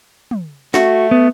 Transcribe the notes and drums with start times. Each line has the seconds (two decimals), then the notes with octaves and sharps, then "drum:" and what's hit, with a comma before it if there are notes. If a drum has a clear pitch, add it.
0.31 drum: tom
0.74 A3 F#4, drum: snare
1.11 B3